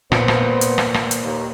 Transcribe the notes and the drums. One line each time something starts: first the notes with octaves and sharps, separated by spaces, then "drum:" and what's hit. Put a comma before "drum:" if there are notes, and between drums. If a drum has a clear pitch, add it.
A#2 B3 C5, drum: rim click
drum: rim click
drum: hi-hat
drum: rim click
drum: rim click
drum: hi-hat
D#2